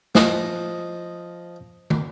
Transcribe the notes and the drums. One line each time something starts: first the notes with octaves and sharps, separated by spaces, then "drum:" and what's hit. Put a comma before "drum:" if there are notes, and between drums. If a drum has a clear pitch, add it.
F3 D#5 D#6, drum: snare
drum: tom